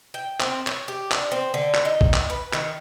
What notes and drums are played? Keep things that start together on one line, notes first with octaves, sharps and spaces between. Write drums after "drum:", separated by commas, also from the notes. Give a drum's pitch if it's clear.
G5
C4, drum: clap
C#5, drum: clap
G4
D4, drum: clap
C4
D3
drum: clap
D#4
drum: kick A#1
drum: clap
B4
D#3, drum: clap